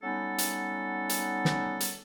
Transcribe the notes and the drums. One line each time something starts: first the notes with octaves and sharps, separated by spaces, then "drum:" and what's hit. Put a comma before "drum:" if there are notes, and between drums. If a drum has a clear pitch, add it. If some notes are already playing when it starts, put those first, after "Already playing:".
F#3 G3 B3 C#4 D#4 A4
drum: hi-hat
drum: hi-hat
drum: snare
drum: hi-hat